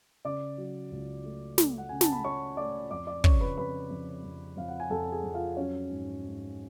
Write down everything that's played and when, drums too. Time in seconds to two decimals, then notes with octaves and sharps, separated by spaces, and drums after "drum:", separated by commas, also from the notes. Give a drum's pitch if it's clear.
0.25 C#3 D5 D6
0.58 F#3
0.91 C#2
1.24 A3
1.58 A3, drum: snare
1.78 F#5
1.89 C#3 G#5
2.01 A5, drum: snare
2.12 B5
2.24 C#3 C#5 C#6
2.57 A3 D5 D6
2.91 F2 D5 D6
3.07 D5 D6
3.24 C#3 C#5 C#6, drum: kick
3.41 B4 B5
3.58 F2 B4 B5
3.90 F2
4.24 F2
4.57 F2 F5
4.68 F#5
4.80 G#5
4.90 F2 A4 A5
5.12 G#4 G#5
5.24 F2
5.34 F4 F5
5.57 F#3 C#4 C#5
5.90 G#2
6.24 G#2